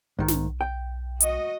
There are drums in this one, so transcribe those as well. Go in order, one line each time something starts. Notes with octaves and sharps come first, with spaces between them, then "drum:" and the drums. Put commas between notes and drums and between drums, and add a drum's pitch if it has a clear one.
B1 G#2 D#3
drum: snare
G5
F#4 D#5, drum: hi-hat